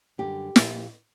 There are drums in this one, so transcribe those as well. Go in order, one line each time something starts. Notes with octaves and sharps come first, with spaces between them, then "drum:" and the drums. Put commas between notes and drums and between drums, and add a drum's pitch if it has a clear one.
F#2 D3 G3 G4
A#2 F3 A#3, drum: snare